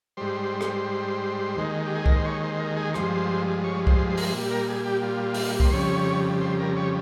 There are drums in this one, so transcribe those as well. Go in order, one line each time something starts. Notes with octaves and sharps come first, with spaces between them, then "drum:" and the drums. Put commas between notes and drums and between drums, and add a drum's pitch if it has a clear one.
G#2 G3 C5
drum: rim click
D#2 D#3 G#3
G4
G#4
A#4, drum: kick C2
C5
C#5
C5
C5
A#4
G#4
G2 F3 G#3 C5, drum: rim click
C#5
C5, drum: kick C2
C5
A#4, drum: open hi-hat
C5
A#2 G3
A#4
G#4
G4
F4
drum: open hi-hat
C5, drum: kick C2
F2 C#3 G3 C#5
C5
A#4
C#5